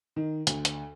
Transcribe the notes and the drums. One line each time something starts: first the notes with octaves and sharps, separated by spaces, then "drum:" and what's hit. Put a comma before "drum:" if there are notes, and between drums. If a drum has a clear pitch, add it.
D#3
D2, drum: hi-hat
drum: hi-hat